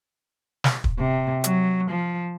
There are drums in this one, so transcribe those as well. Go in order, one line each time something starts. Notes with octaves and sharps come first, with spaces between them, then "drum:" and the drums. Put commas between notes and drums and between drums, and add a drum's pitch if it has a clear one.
drum: snare
drum: kick
C3
F#3, drum: hi-hat
F3